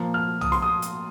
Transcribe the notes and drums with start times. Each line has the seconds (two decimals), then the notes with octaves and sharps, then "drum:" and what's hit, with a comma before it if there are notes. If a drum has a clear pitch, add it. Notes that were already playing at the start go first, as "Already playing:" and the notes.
Already playing: A#2 F3 A#3
0.14 F6
0.41 D#6, drum: tom
0.52 C6, drum: snare
0.62 D#6
0.82 drum: hi-hat